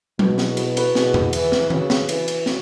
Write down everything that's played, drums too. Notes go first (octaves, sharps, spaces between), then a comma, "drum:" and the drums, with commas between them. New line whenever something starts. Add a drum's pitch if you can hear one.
B2 F#4 B4, drum: tom F#3
E4 G#4, drum: snare
F#4 B4, drum: cymbal
F#4 B4, drum: cymbal
B2 E4 G#4, drum: snare
drum: tom E2
E3, drum: cymbal
drum: snare
C#3 F#4 B4, drum: tom D#3
drum: snare
E3 F#4 B4, drum: cymbal
drum: cymbal
C#4 F#4, drum: snare